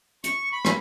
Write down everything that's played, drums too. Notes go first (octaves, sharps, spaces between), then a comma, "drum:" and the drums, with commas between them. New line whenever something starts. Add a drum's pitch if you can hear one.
C#6, drum: hi-hat
B5
drum: rim click